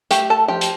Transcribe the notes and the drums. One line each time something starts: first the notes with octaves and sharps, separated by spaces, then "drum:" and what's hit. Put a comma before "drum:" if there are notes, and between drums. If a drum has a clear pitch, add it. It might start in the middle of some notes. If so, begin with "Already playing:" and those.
A3 G4 G5, drum: hi-hat
A4 A5
F3 G4 G5
drum: hi-hat